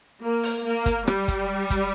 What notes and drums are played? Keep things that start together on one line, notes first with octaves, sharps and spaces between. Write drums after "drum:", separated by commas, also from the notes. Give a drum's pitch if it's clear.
A#3
drum: open hi-hat
A#3
drum: kick, hi-hat
G3, drum: rim click
drum: kick, hi-hat
drum: kick, hi-hat